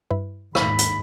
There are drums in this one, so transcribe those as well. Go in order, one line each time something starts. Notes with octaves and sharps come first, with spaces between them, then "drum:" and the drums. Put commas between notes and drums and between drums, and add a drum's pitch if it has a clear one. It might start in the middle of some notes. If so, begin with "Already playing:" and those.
G2 E4 B4
D#2 G#2 B5, drum: rim click
drum: hi-hat